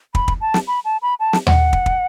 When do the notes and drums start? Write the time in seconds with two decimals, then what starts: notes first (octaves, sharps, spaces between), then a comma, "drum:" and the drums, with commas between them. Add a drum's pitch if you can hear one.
0.15 B5, drum: kick
0.28 drum: kick
0.41 A5
0.54 drum: snare
0.67 B5
0.85 A5
1.02 B5
1.20 A5
1.33 drum: snare
1.47 F#5, drum: tom D#2
1.73 drum: kick
1.86 drum: kick